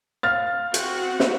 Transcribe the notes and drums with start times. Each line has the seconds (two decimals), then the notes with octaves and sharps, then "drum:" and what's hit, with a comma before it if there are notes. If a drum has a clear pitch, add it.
0.23 F5 F6 A6
0.74 C4 F#4 F#5, drum: hi-hat
1.20 drum: snare